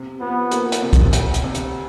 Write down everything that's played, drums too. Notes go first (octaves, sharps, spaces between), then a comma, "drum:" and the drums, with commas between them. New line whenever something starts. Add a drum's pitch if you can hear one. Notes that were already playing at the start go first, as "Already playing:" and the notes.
Already playing: C3
F3 B3
A#3, drum: hi-hat
drum: hi-hat
C3
drum: kick, hi-hat
D2, drum: hi-hat
drum: hi-hat
C3
drum: hi-hat